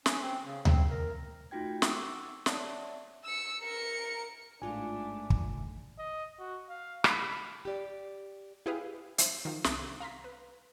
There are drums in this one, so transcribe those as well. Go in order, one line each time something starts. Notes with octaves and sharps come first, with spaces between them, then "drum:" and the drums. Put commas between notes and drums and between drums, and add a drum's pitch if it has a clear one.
C#4, drum: snare
C4
C#3
C4, drum: tom D2
A#4
A3 D#4 F4 F#4 G5 G#6
F#5 C#6 D6 E6, drum: snare
C#5 D5 E5 F#5 A5, drum: snare
E6 C#7
A#4 C#7
A1 G#2 A3 D4 F4 G#5
drum: kick
D#5
F#4
F5
B5, drum: rim click
G4 D5
E4 G4 G#4 B4 F5
C5 E5, drum: hi-hat
D#3 F3
C2 A4 D6, drum: snare
F5 A#5 C6 B6
B4